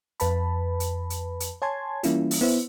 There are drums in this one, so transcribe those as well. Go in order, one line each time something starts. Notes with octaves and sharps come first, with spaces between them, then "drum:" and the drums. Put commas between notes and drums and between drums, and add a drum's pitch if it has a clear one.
F2 B4 A5 B5, drum: hi-hat
drum: hi-hat
drum: hi-hat
drum: hi-hat
C#5 G#5 A5 C6 G#6
E3 G3 A#3 C#4 E4 F4, drum: hi-hat
drum: open hi-hat
B3 E4 C5 E5